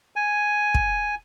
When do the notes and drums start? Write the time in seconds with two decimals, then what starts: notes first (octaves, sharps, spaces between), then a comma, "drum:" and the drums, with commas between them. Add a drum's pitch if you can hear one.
0.16 G#5
0.75 drum: kick